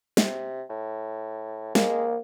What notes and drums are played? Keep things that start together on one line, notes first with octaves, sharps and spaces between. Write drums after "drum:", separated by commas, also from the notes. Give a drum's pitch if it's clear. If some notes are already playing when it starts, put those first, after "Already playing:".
C3, drum: snare
A2
G#3 A#3, drum: snare